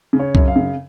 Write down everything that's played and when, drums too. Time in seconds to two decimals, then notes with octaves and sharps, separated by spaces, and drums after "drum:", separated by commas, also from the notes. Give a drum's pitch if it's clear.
0.13 C#3
0.19 C#5
0.35 F#2, drum: kick
0.48 F5
0.56 C#3